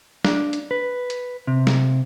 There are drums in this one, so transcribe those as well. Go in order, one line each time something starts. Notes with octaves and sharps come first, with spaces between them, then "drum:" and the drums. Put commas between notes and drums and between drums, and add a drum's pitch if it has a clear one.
D4, drum: snare
drum: hi-hat
B4
drum: hi-hat
C3
drum: snare